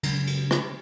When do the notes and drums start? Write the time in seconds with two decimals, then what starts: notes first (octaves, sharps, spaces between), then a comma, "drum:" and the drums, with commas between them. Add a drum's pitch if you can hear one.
0.03 C#3 F#3 G#3, drum: cymbal
0.27 drum: cymbal
0.51 drum: rim click